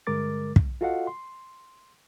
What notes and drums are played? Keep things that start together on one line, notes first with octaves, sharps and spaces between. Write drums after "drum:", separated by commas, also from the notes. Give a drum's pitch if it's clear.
G2 D3 G#3 A#4 D6 A6
drum: kick
F4 F#4 A4 D#5 F5 F#5
C6